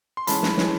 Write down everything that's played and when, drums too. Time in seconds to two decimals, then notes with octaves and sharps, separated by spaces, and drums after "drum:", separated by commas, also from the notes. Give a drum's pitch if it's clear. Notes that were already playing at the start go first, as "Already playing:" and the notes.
0.17 C6
0.27 E3 G#3 C#4 A5 B5, drum: hi-hat
0.43 drum: snare
0.57 E3 G#3 C#4, drum: snare